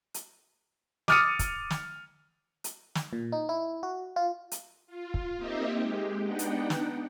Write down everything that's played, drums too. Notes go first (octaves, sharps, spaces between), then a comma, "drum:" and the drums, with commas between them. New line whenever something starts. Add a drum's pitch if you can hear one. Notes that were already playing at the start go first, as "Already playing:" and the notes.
drum: hi-hat
D6 D#6 F6 A6 C#7 D#7, drum: snare
drum: kick, hi-hat
drum: snare
drum: hi-hat
drum: snare
A#2
D#4
E4
F#4
F4
drum: hi-hat
F4
drum: kick
A#3 C4 D#4 G4 D#5 E5
G#3 G4
B3 D4 D#4 F#5 G5
drum: hi-hat
drum: snare